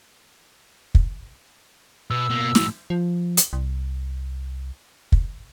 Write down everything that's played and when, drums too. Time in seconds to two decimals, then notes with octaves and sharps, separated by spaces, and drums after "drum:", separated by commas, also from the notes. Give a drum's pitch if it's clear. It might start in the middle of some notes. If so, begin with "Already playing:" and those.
0.95 drum: kick
2.11 B2 E6
2.29 B2 A#3
2.55 A2 F3, drum: snare
2.90 F3
3.37 drum: hi-hat
3.53 C2
5.12 drum: kick